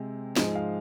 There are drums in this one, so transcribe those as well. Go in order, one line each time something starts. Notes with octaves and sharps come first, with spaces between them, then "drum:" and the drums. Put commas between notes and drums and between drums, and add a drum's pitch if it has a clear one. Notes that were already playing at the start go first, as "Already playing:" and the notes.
Already playing: C3 G#3 C4
G#2 F3 G#3, drum: snare
F5